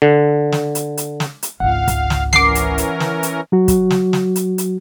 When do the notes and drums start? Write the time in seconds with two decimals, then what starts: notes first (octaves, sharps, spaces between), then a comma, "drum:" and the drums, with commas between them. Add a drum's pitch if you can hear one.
0.02 D3
0.52 drum: snare
0.75 drum: hi-hat
0.97 drum: hi-hat
1.20 drum: snare
1.43 drum: hi-hat
1.60 G#1 C#2 F5 F#5
1.88 drum: kick, hi-hat
2.10 drum: snare
2.33 E3 C#4 A#4 D6 C7, drum: snare
2.55 drum: hi-hat
2.78 drum: hi-hat
3.00 drum: snare
3.23 drum: hi-hat
3.52 F#3 F#4
3.68 drum: kick, hi-hat
3.90 drum: snare
4.13 drum: snare
4.36 drum: hi-hat
4.58 drum: hi-hat